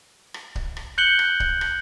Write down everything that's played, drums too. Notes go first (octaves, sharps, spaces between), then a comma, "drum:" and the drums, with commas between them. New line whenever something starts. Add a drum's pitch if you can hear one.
drum: rim click
drum: kick C#1
drum: rim click
F#6 G6 C#7 F#7 G7
drum: rim click
drum: kick C#1
drum: rim click